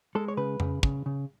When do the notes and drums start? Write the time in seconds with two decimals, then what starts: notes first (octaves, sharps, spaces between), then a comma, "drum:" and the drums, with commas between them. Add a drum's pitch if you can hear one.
0.15 G#3 A4
0.28 C#5
0.37 C#3 B4
0.60 C#3, drum: tom F2
0.83 C#3, drum: kick
1.06 C#3